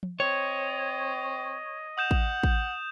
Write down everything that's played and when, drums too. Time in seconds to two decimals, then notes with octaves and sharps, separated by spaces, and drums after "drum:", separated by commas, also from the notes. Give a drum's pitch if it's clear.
0.03 drum: tom F3
0.20 C4 C#5 D#5
1.98 F#5 D#6 G6 E7
2.11 drum: kick A1
2.43 drum: kick A1